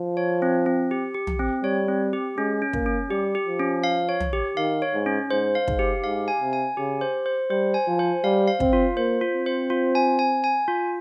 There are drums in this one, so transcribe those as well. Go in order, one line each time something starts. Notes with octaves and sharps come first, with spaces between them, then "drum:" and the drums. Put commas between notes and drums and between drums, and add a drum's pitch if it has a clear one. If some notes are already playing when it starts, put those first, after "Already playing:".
Already playing: F3
C#5
C4
C4
G4
G4
drum: tom
C4
G3 C#5
C4
G4
G#3 C#4
C#4
A#3, drum: kick
C#4
G3 G4
G4
F3
C#4
F5
C#5
drum: tom
G4
D#3 F5
C#5
G#2
C#4
G#2 C5
F5
G#2, drum: kick
G4
G#2 F5
G#5
C3
G#5
C#3 G4
C5
C5
G3 C5
G#5
F3
C5
G3 F5
F5
C4, drum: kick
F4
A#3 C5
F4
C4
C5
F4
G#5
G#5
G#5
F4